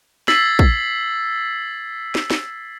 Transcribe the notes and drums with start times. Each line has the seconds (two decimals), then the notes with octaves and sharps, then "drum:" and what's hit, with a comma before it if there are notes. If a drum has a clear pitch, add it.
0.28 E6 G#6 A6 B6 C7 F#7, drum: snare
0.59 drum: kick
2.15 drum: snare
2.30 drum: snare